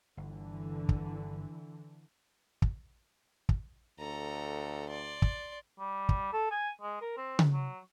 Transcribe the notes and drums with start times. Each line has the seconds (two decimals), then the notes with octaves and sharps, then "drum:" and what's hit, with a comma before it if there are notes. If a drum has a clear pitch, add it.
0.17 G1 D3 E3
0.89 drum: kick
2.62 drum: kick
3.49 drum: kick
3.99 D2 A4 A#5
4.89 D5 C6
5.22 drum: kick
5.79 G3
6.09 drum: kick
6.33 A4
6.51 G#5
6.81 G#3
7.01 A#4
7.17 C4
7.39 drum: tom C#3
7.53 F#3